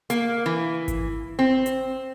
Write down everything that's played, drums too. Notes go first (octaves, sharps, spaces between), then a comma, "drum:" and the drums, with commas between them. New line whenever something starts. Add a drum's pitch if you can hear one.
A#3, drum: hi-hat
E3
drum: kick G#1, hi-hat
C4
drum: hi-hat